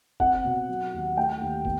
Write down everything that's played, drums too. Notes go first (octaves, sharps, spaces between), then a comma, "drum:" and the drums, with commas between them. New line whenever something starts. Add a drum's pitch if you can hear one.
C4 F#5, drum: kick
B2
F#3
D#2
A3 G5
D#2
B3, drum: kick